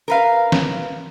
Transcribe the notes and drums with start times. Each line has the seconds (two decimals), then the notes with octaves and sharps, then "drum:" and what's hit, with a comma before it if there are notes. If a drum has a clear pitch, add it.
0.08 A#4 B4 F5
0.52 drum: snare